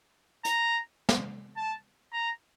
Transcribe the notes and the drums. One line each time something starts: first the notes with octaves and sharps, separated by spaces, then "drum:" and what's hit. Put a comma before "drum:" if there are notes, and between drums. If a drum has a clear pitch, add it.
A#5, drum: hi-hat
drum: snare
A5
A#5